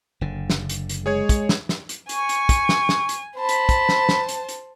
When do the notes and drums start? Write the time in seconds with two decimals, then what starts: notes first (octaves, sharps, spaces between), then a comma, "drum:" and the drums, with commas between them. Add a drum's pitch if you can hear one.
0.21 F#1 D3
0.50 drum: snare
0.70 drum: hi-hat
0.89 drum: hi-hat
1.06 G#3 G#4 C#5 G#6
1.29 drum: kick, hi-hat
1.49 drum: snare
1.69 drum: snare
1.89 drum: hi-hat
2.09 G#5 C#6, drum: hi-hat
2.29 drum: hi-hat
2.49 drum: kick, hi-hat
2.69 drum: snare
2.89 drum: snare
3.09 drum: hi-hat
3.36 C5 A5 B5
3.49 drum: hi-hat
3.69 drum: kick, hi-hat
3.89 drum: snare
4.09 drum: snare
4.29 drum: hi-hat
4.49 drum: hi-hat